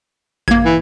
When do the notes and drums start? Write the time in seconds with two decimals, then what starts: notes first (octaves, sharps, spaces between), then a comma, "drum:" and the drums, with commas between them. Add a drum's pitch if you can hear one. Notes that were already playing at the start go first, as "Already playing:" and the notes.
0.48 A#3 G#6, drum: kick A1
0.65 E3